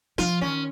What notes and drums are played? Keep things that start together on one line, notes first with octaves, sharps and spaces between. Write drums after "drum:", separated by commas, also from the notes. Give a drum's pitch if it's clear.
F3 F4, drum: snare
D#3 C#4